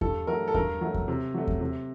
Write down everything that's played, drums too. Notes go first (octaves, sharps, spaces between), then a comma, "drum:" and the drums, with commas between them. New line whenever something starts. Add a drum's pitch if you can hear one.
G2 A4, drum: kick E2
F#3 A3 A#4
A4
G2 A#4, drum: kick E2
F#3 A3
drum: kick E2
C3
F#3 A3
drum: kick E2
C3